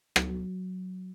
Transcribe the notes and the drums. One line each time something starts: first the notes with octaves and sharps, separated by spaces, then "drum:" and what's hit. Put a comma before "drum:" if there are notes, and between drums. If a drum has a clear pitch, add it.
F#3, drum: rim click